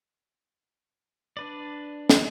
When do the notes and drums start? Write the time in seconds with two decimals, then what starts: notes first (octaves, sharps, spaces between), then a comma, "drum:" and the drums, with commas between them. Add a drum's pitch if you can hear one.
1.37 D4 B4 D5
2.10 drum: snare